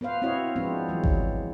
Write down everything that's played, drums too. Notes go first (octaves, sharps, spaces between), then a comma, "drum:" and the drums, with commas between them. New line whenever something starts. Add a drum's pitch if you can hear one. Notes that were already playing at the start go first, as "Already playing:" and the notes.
B3 B4 C5 F5
C4 E4 F#4 C5 C#5 D#5
F3 G#3 B3 C4 D4
E3 F#3 G#3
drum: kick G#1